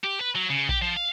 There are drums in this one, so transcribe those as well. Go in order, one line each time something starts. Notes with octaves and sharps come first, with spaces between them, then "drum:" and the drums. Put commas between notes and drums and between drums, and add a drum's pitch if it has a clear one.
G4
B4
F#3
C#3
G4, drum: kick A#1
F3
F5